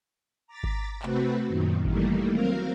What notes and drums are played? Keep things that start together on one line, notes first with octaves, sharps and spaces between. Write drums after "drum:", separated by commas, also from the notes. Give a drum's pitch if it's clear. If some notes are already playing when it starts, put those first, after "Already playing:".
A#5 D6 A6 B6
drum: kick G#1
C3 A3 C4 F#4 B4, drum: clap
F#2 A#2 D#3
D#3 E3 G3 A3 A#3, drum: kick G#1
F#3 C4 A#4 F5